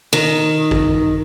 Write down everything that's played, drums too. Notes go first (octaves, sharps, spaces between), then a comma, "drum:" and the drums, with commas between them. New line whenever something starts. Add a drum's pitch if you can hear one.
D#3
drum: kick A1